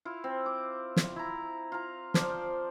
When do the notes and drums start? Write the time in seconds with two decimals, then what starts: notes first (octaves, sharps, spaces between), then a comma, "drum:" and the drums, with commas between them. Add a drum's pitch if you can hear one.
0.05 E4 F4
0.24 C4
0.46 D6
0.96 drum: snare
1.16 E4 A#5
1.72 F4 A#5
2.14 F3 C5 D5, drum: snare